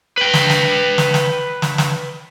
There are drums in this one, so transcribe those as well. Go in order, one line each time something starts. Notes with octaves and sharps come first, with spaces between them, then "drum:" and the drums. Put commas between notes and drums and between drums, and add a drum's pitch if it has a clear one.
B4 G5
drum: snare
drum: snare
drum: snare
drum: snare
drum: snare
drum: snare